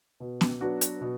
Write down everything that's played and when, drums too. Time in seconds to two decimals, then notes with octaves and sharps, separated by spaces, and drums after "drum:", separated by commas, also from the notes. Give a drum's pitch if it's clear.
0.20 B2
0.41 drum: snare B3
0.61 F#3 B3 D4 F#4
0.81 drum: hi-hat
1.01 B2